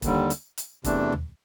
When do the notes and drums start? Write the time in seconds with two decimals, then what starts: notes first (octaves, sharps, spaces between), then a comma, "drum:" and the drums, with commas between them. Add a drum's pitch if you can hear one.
0.02 D#2 D3 G3, drum: kick, hi-hat
0.30 drum: hi-hat
0.58 drum: hi-hat
0.84 E2 C3 E3 A3 D4, drum: kick, hi-hat
1.12 drum: tom